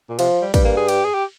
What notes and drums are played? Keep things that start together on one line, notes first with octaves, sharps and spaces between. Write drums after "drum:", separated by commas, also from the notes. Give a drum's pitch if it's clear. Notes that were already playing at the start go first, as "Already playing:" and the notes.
A#2
C3 F3, drum: cymbal
G3
G2 G3, drum: kick, cymbal
A#3
G#4
G4, drum: cymbal
G#4
G4